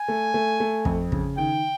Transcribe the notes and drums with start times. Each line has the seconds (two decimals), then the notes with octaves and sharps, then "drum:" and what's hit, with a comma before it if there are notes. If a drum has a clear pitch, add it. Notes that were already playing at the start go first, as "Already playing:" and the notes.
Already playing: G#5
0.08 A3
0.34 A3
0.60 A3
0.85 F2, drum: kick
1.12 C#3, drum: kick
1.37 D#3 G5